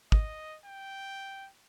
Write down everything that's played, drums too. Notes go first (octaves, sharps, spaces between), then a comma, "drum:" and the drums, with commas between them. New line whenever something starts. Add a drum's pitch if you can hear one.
D#5, drum: kick
G5